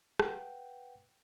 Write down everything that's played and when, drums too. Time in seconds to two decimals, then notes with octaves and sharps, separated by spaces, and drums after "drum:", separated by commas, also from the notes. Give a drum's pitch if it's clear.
0.19 B4 F#5 G5, drum: rim click